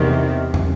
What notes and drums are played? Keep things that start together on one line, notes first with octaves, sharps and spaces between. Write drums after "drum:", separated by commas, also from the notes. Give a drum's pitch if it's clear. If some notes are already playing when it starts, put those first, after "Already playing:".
Already playing: E2 C3 D#3
drum: tom